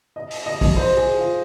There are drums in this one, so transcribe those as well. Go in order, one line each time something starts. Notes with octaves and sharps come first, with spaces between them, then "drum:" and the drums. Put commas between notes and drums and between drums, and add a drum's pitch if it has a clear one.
D#5
drum: open hi-hat
D#5
drum: kick, open hi-hat
C5
G#4
F4